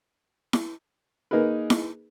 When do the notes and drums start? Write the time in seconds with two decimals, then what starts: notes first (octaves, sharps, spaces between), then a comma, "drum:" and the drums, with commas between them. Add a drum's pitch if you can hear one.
0.53 drum: snare E4
1.31 A#3 D#4 G#4 A#4 B4
1.70 drum: snare E4